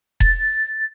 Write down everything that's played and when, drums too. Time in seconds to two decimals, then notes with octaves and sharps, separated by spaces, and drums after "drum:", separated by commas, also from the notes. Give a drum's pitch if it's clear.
0.20 A6, drum: kick E1